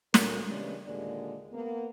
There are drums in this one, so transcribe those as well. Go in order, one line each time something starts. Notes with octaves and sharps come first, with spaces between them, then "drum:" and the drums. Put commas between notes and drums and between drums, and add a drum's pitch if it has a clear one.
D2 A#2 A#4, drum: snare
C#3 E3 G3 G#3 B3 D4
D#2 A#2 D3 G#3 D5
A#3 B3